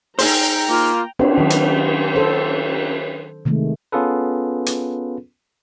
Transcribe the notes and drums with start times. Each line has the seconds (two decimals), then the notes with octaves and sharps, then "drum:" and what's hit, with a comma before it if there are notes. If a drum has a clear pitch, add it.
0.19 D#4 G#4 C5 G5 A#5, drum: open hi-hat
0.69 A#3 F4
1.19 C4 D4, drum: cymbal
1.38 D#3 F#3
1.50 drum: hi-hat
2.16 A4 C5
3.45 C3 D#3 G#3 A3
3.92 B3 C#4 F4 G#4 A4 B4
4.66 drum: hi-hat